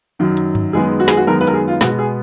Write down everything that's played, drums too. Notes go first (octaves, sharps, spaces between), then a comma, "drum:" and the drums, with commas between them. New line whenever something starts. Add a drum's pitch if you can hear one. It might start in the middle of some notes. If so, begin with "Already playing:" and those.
F#2 D#3 F#3
drum: hi-hat
drum: tom G2
F#2 D#3 G#3 B3 G#4
F#4
G#4, drum: snare
F#4
F#2 D#3 G#3 B3 A#4
B4
A#4, drum: hi-hat
G#4
F4
B2 G#3 B3 F#4, drum: snare
G#4